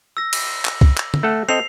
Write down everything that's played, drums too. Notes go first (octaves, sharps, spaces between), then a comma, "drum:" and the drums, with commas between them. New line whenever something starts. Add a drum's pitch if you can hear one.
E6 A#6
drum: cymbal
drum: clap
drum: kick
drum: clap
drum: tom
A3 A4 F#5
C4 A4 D#5 C7 F7